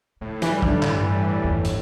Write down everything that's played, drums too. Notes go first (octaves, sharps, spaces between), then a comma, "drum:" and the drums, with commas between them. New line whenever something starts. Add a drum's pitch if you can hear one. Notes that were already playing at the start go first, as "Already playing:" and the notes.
A2 C#3
A2
E3, drum: hi-hat
G3
D3 G3, drum: kick
G2 E3, drum: clap
E3
E3
A2
G1 E2
drum: hi-hat